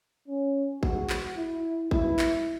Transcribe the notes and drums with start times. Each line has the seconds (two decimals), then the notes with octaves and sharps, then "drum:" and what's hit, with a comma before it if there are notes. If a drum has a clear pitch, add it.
0.28 C#4
0.83 E2 E3 G#3 F#4, drum: kick
1.10 drum: clap
1.37 E4
1.91 B2 G#3 E4, drum: kick
2.19 drum: clap